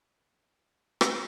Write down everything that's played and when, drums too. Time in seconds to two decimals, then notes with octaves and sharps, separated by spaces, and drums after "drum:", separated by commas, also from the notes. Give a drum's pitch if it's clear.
0.47 G3 G#3 B3 C4 D#4 E4
1.01 drum: rim click